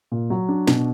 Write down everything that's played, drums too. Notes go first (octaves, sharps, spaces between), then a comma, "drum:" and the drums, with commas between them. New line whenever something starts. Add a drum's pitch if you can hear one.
A#2
F#3
D4
B2, drum: snare